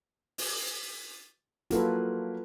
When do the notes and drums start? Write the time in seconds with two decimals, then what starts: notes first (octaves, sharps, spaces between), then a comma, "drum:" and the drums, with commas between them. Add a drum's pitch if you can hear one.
0.38 drum: open hi-hat
1.71 F#3 A#3 E4 F4 A4 B4, drum: hi-hat